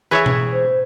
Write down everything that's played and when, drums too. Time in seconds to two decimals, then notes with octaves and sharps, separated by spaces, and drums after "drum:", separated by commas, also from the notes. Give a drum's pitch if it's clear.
0.11 E3 G#4 B4 C#5 E5
0.26 drum: tom B2
0.52 C5